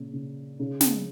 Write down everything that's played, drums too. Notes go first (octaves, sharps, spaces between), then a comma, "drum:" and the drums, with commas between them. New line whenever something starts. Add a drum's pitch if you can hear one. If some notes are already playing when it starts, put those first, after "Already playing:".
Already playing: A#2 C#3
C#3
C#3
drum: snare